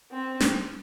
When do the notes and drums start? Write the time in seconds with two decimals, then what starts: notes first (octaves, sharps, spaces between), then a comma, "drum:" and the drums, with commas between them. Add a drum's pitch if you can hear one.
0.12 C4
0.40 drum: snare